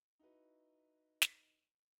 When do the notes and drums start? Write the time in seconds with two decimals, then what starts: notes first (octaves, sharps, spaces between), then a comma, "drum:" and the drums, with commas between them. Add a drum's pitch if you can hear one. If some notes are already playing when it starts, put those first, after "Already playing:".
0.19 D#4 E4 F#4 B4
1.22 drum: snare